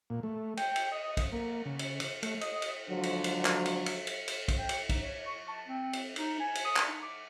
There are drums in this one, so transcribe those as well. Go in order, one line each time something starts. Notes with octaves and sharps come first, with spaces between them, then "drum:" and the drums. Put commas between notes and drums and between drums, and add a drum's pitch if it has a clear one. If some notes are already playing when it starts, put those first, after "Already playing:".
A#2
A3
G5, drum: cymbal
drum: cymbal
D#5
drum: kick, cymbal
A#3
C#3
drum: cymbal
drum: cymbal
A3, drum: cymbal
D#5, drum: cymbal
drum: cymbal
G#2 D3 F3 F#3
drum: cymbal
drum: cymbal
drum: clap
drum: cymbal
drum: cymbal
drum: cymbal
drum: cymbal
drum: kick, cymbal
G5
drum: cymbal
D#4, drum: kick, cymbal
C#5
C#6
A5
C4
drum: cymbal
D#4, drum: cymbal
G#5
drum: cymbal
D#6
drum: clap
D#4
D6